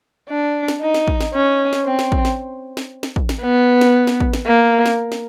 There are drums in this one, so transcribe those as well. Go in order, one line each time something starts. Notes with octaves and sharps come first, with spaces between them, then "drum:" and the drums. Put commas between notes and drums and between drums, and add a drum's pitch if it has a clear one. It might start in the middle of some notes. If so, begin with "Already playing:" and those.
D4
drum: snare
D#4
drum: snare
drum: kick
drum: snare
C#4
drum: snare
C4
drum: snare
drum: kick
drum: snare
drum: snare
drum: snare
drum: kick
drum: snare
B3
drum: snare
drum: snare
drum: kick
drum: snare
A#3
drum: snare
drum: snare